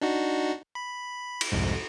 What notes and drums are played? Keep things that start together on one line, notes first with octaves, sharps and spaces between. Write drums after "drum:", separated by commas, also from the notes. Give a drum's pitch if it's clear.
D4 D#4 F#4
B5
drum: cymbal
C2 F2 G#2